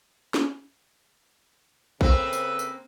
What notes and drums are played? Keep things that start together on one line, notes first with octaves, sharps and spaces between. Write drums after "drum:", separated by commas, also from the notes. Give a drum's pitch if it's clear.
drum: snare
C#3 A#3 C4 A4 B4, drum: kick A#1
drum: tambourine
drum: tambourine